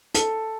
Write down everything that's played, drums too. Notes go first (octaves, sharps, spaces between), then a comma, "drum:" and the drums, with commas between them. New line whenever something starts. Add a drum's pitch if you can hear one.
A4, drum: hi-hat